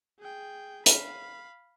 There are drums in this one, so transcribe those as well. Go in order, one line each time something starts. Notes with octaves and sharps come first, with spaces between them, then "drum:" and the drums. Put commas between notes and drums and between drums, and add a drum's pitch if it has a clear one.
G#4 G5
F5 B5, drum: hi-hat